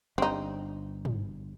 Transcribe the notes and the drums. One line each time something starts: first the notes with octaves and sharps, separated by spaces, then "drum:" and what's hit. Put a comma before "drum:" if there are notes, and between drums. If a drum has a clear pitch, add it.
G1 G3 C4 D4 D#4
drum: tom